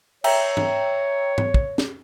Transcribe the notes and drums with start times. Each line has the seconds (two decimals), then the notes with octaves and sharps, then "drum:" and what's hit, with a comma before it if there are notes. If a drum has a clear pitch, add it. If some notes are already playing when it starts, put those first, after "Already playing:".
0.24 C#5 E5 G5 A#5, drum: cymbal
0.57 drum: tom G#2
1.38 drum: tom G#2
1.54 drum: kick
1.78 drum: snare